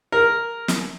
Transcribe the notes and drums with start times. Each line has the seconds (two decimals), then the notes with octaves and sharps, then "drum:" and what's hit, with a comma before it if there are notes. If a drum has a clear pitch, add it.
0.12 A#4
0.68 drum: snare